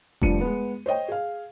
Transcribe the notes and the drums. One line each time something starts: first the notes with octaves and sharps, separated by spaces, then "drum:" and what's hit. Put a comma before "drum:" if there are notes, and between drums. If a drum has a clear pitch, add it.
F1 D3 F3 G3 C#7 D#7, drum: kick E1
G#3 B3
C5 C#5 D#5 G5
G#4 F5